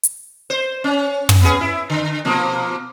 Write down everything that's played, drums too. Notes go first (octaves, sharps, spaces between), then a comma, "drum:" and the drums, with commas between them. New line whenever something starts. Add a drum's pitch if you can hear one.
drum: hi-hat
C5
C#4
drum: tom
B3 C#4 G#4
E4
D3
B2 F3 A#3